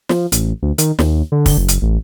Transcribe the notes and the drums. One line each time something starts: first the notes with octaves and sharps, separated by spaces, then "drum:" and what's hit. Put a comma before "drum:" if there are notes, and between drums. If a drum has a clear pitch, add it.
F3, drum: snare
A1, drum: hi-hat
D2
D#3, drum: hi-hat
D#2, drum: snare
D3
drum: kick, open hi-hat
F#1
drum: hi-hat
A1